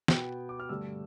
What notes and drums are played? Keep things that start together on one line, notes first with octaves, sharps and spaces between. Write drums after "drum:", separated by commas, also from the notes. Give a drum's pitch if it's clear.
B2 B3 G5, drum: snare
D6
F6
G2 D3 A3 E6